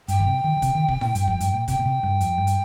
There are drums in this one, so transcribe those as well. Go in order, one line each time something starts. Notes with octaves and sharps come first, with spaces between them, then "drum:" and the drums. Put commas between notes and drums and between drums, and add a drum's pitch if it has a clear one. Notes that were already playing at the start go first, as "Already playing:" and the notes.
G2 G5, drum: hi-hat
D#3, drum: kick
C3
D#3
D#3
C3, drum: kick, hi-hat
D#3
C3, drum: kick
A#2, drum: snare E4
G2, drum: hi-hat
F2, drum: kick
G2, drum: hi-hat
A#2
C3 G5, drum: kick, hi-hat
A#2
C3
G2
F2, drum: hi-hat
G2
drum: hi-hat